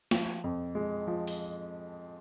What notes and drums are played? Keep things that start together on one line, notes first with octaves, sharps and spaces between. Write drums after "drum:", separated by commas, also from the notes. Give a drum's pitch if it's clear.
F3, drum: snare
F2
G#3
F3
drum: open hi-hat